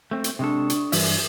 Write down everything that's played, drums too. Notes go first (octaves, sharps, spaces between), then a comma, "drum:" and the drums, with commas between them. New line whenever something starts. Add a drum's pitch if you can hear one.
A3 C4
drum: hi-hat
C3 G#3 D4 A4 C#6 D#6
drum: hi-hat
G2 E3 E5, drum: open hi-hat